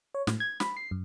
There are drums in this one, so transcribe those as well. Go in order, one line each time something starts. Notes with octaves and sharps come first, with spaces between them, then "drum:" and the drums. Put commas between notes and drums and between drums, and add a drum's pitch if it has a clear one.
C#5
A2, drum: snare
G#6
B5, drum: snare
C7
F#2